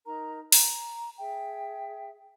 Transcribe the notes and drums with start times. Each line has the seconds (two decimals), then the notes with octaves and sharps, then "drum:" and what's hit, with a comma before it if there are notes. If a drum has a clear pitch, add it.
0.06 D#4 A#4 A#5
0.52 A#5, drum: open hi-hat
1.19 G#4 E5 G5